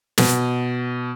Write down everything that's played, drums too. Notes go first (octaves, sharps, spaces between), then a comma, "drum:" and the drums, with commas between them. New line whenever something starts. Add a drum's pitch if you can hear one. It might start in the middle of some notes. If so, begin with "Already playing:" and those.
B2, drum: snare